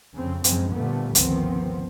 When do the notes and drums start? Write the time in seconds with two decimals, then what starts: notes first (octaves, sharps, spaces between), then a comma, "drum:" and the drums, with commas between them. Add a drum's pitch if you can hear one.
0.15 F2 C#3 C4
0.44 F#2 C#3 F3 F#3 G#3 C4, drum: hi-hat
0.73 A#2 D3 F3 G3 A3 B3
1.15 G1 C#2 D#3 F3 B3 C4, drum: hi-hat